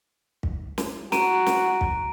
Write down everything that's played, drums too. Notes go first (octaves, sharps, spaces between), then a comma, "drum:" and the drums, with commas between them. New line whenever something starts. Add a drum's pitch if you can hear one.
drum: kick
drum: snare
F#4 A#5 D7 D#7, drum: snare
drum: snare
drum: kick